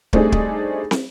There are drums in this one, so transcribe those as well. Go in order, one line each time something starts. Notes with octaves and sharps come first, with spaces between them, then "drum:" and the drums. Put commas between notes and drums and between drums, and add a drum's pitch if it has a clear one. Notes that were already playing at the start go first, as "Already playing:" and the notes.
G3 A3 C4 D4 D#4 G#4, drum: kick
drum: kick
drum: snare